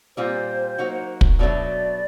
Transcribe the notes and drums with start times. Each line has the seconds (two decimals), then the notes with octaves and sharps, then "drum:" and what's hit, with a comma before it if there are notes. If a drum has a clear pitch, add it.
0.17 A#2 G3 C4 F4 C5
0.78 F#3 A#3 D#4 F#4
1.21 drum: kick
1.39 B2 F#3 A3 D4 D5